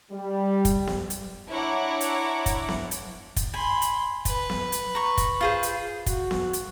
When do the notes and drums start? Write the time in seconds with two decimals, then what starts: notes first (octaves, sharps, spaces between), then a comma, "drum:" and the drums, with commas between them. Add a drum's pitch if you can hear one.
0.12 G3
0.65 drum: kick, hi-hat
0.87 drum: snare B3
1.10 drum: hi-hat
1.49 D4 E4 C#5 F#5 A#5 D6
2.01 drum: hi-hat
2.46 drum: kick, hi-hat
2.69 drum: snare B3
2.91 drum: hi-hat
3.36 drum: kick, hi-hat
3.54 G#5 B5 C6
3.82 drum: hi-hat
4.25 B4, drum: kick, hi-hat
4.50 drum: snare B3
4.72 drum: hi-hat
4.95 A#5 C#6
5.18 drum: kick, hi-hat
5.41 F4 G#4 C5
5.63 drum: hi-hat
6.06 F#4, drum: kick, hi-hat
6.31 drum: snare B3
6.53 drum: hi-hat